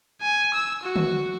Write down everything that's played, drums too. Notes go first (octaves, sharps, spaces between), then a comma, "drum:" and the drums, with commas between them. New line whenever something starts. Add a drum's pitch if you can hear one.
G#5
E6
F#4
drum: tom D3